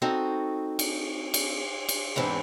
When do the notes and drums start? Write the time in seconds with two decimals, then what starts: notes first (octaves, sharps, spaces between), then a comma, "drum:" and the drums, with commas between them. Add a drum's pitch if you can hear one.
0.02 C4 D#4 F#4 A4
0.79 drum: cymbal
1.34 drum: cymbal
1.89 drum: cymbal
2.16 E2 G#2 E3 C4 D4